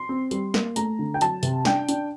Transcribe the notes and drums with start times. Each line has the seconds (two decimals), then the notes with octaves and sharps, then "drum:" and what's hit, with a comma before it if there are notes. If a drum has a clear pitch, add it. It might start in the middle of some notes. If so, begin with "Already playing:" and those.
Already playing: C6
0.09 C4
0.31 G3, drum: hi-hat
0.54 A#3, drum: snare
0.76 A3 A#5, drum: hi-hat
0.99 D3
1.14 G5
1.21 F#3 A5, drum: hi-hat
1.43 C3, drum: hi-hat
1.65 D4 G5, drum: snare
1.89 D4, drum: hi-hat